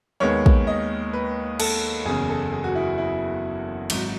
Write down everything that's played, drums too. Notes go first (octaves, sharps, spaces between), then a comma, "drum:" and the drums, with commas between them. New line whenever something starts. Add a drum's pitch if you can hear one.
D#2 D#3 G#3 B3 C#5
drum: kick
D#5
B4
A4, drum: cymbal
F#1 E2 C#3 G#4
A4
G#4
F#4
E4
E4
G#1 G#2 F#3, drum: cymbal